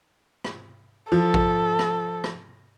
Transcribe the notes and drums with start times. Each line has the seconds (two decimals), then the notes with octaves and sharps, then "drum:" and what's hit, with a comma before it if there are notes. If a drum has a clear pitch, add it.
0.44 drum: rim click
1.12 F3 A4
1.34 drum: kick A1
1.79 drum: rim click
2.24 drum: rim click